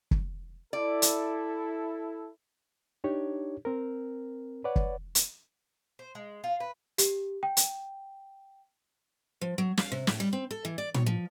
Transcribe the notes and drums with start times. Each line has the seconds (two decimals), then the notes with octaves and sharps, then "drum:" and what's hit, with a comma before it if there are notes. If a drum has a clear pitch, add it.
0.11 drum: kick
0.73 E4 A4 D5
1.02 drum: hi-hat
3.04 D4 D#4 G4 C#5
3.65 C4 A#4
4.64 B4 C#5 D5 F#5
4.76 drum: kick
5.15 drum: hi-hat
5.99 C5
6.15 G#3
6.44 F4
6.60 B4
6.98 G4, drum: hi-hat
7.43 G5
7.57 drum: hi-hat
9.41 F3
9.58 F#3
9.78 F5, drum: snare
9.92 C3
10.07 A2, drum: snare
10.20 G3
10.33 C4
10.51 A4
10.65 E3
10.78 D5
10.94 C#5, drum: tom
11.06 F3